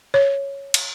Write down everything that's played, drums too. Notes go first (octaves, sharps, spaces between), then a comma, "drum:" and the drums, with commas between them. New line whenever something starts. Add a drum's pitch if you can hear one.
C#5
drum: cymbal